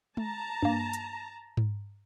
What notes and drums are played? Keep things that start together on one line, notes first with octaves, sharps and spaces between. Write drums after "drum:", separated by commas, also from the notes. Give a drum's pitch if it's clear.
A5 A#5, drum: tom G#3
G2 A#3
drum: hi-hat
drum: tom G#2